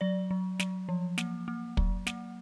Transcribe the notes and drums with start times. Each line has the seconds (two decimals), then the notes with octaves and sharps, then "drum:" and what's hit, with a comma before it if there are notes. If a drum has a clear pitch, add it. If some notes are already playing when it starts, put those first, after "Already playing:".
0.01 F#3 D5
0.31 F#3
0.59 F#3, drum: snare
0.89 F3
1.18 A#3, drum: snare
1.48 A#3
1.77 F#3, drum: kick
2.07 A#3, drum: snare